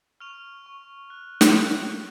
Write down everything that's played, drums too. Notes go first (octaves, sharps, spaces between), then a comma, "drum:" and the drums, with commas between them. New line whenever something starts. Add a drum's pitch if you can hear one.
C#6 F6 F7
C#6
F#6
drum: snare
F#6